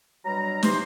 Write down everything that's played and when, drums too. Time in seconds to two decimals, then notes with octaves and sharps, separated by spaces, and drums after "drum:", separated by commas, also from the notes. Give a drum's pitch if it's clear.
0.25 B2 F#3 G3 D4 A#5
0.63 E3 G4 C5, drum: snare